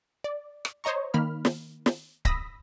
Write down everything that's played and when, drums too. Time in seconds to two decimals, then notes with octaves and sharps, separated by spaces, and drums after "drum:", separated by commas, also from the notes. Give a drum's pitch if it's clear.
0.24 D5
0.65 drum: rim click
0.84 C5 C#5 D#5 A#5 C#6
1.14 D#3 A#3 B5 F6
1.45 drum: snare
1.86 drum: snare
2.25 B5 D#6 E6 A#6 B6, drum: kick C#1